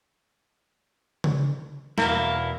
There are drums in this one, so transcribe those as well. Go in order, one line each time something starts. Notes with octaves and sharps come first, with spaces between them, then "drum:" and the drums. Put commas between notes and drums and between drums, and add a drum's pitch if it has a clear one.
drum: tom C#3
E2 B2 A#3 E4, drum: snare